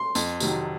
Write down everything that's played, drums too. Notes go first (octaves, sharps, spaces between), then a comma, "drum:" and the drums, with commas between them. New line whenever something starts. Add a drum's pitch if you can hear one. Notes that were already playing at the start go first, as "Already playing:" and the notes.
Already playing: C6
F2, drum: tambourine
C3 D#3 F#3, drum: tambourine